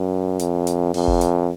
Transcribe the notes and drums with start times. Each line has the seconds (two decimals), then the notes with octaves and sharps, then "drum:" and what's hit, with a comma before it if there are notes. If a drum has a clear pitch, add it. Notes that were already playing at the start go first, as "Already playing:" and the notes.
Already playing: F#2
0.39 F2, drum: hi-hat
0.67 drum: hi-hat
0.94 F2, drum: open hi-hat
1.07 drum: kick F#1
1.21 drum: hi-hat